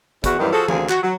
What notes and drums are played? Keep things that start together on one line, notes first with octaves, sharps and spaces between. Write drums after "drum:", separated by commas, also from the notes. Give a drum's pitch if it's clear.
E2 F#4, drum: kick, hi-hat
F#2 A2 D#3 E3 F#3 G3
F3 F#4 G#4 A4
D2 C3 A#3 C4 G#4, drum: tom E3
F#4, drum: clap
F#3